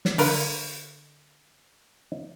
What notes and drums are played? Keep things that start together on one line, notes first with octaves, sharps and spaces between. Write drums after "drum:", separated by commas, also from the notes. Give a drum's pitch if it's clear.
drum: snare
D3 A#4 B4 F5, drum: open hi-hat